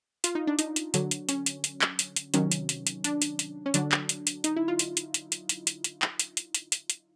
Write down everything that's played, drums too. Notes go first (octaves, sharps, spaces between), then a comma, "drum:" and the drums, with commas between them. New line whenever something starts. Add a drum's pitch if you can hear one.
F4, drum: hi-hat
D#4
D4
D#4, drum: hi-hat
drum: hi-hat
D3 F#3, drum: hi-hat
drum: hi-hat
C#4, drum: hi-hat
drum: hi-hat
drum: hi-hat
drum: clap
drum: hi-hat
drum: hi-hat
C3 D#3 F#3 C#4, drum: hi-hat
drum: hi-hat
drum: hi-hat
drum: hi-hat
D4, drum: hi-hat
drum: hi-hat
drum: hi-hat
C#4
D3 F#3 D4, drum: hi-hat
drum: clap
drum: hi-hat
drum: hi-hat
D#4, drum: hi-hat
E4
F4
drum: hi-hat
drum: hi-hat
drum: hi-hat
drum: hi-hat
drum: hi-hat
drum: hi-hat
drum: hi-hat
drum: clap
drum: hi-hat
drum: hi-hat
drum: hi-hat
drum: hi-hat
drum: hi-hat